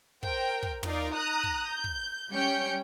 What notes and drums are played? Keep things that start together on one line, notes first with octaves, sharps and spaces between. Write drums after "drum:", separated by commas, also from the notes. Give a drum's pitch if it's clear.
A#4 C5 G5, drum: kick
drum: kick
D#4 F4 A#4 D5, drum: tom
A#5 D#6 F#6
drum: kick
G6
drum: kick
G3 C#4 G5 G6 C#7